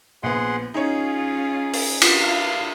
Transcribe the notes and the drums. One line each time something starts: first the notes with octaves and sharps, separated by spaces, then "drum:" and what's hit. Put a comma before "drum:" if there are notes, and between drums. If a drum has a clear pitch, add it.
A#1 B3 G#4 F#5 C6
C#4 D#4 F4 G#4 C#5
drum: open hi-hat
drum: cymbal
E4 F4 F5